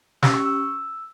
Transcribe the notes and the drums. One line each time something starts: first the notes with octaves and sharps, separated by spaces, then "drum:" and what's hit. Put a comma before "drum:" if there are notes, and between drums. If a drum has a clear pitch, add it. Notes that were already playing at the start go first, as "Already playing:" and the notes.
C#4 G4 E6, drum: snare
C#6
E6